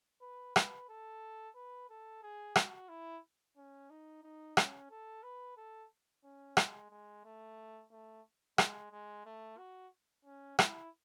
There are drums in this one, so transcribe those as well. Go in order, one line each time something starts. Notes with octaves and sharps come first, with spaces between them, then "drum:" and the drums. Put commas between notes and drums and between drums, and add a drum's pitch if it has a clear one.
B4
B4, drum: rim click
A4
B4
A4
G#4
F#4, drum: rim click
E4
C#4
D#4
D#4
C#4, drum: rim click
A4
B4
A4
C#4
G#3, drum: rim click
G#3
A3
A3
G#3, drum: rim click
G#3
A3
F#4
C#4
E4, drum: rim click